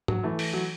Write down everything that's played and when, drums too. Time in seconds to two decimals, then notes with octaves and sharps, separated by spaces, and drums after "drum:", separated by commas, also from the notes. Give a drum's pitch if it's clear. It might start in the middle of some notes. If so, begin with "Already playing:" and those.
0.08 F#3, drum: tom
0.23 E3 A3
0.39 drum: open hi-hat
0.53 F#3